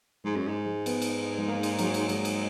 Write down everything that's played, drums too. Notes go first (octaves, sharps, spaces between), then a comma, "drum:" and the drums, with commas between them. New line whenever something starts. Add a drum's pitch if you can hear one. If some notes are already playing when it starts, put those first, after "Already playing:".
G#2 G#3
F#2
G#2
G#3
B3, drum: cymbal
drum: cymbal
G#3
A#3
drum: cymbal
F#3, drum: cymbal
drum: cymbal
G#2 G#3, drum: cymbal
drum: cymbal